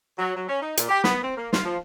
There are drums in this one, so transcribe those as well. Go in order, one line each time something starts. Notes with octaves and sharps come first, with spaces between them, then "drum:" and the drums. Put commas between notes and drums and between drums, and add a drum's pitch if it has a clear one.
F#3
F#3
C#4
D#4
A#2, drum: hi-hat
G4
B3, drum: snare
C4
A#3
F4, drum: snare
F3